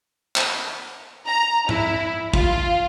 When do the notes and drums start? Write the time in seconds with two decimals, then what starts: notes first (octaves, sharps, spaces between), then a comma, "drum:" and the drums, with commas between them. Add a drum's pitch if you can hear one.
0.36 drum: clap
1.27 A#5
1.69 E4, drum: tom G#2
2.34 F4, drum: kick